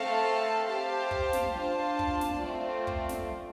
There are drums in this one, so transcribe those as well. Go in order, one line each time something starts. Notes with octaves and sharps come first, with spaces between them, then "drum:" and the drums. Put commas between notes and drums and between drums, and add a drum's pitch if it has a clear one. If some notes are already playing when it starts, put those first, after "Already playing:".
Already playing: A3 C4 A4 F5 A5
G4 C5 F5 A5
drum: kick
drum: snare
D4 F4 C5 A5
drum: kick
drum: snare
A3 C4 F4 D5
drum: kick
drum: snare